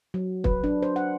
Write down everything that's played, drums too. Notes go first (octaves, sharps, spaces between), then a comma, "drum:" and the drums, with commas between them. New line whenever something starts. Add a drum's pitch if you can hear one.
F#3
B4, drum: kick
D4
C5
F#5